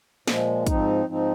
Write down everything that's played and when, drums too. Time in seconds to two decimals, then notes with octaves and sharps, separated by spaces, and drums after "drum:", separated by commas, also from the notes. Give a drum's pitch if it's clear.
0.28 A#2 F3 G#3, drum: snare
0.67 G#2 F3 C4 D#4, drum: kick, hi-hat
1.05 G#2 F3 C4 D#4